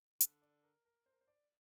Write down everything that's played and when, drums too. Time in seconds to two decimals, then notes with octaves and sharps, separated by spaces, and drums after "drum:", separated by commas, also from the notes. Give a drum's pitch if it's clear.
0.21 D3, drum: hi-hat
0.42 D5
0.63 A#4
0.85 A#4
1.06 C5
1.13 A#4
1.21 C5
1.27 D5